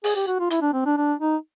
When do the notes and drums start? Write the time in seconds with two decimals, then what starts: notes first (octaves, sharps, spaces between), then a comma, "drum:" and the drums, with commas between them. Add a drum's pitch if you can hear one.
0.04 G#4, drum: open hi-hat
0.15 G4
0.27 F#4
0.39 F4
0.50 E4, drum: hi-hat
0.61 D4
0.73 C4
0.85 D4
0.97 D4
1.20 D#4